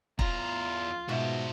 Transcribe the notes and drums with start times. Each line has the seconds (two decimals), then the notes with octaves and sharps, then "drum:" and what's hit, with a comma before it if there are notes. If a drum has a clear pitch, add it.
0.19 E2 F4 A#5, drum: kick
1.09 G#2 B2 F#4 C5 E5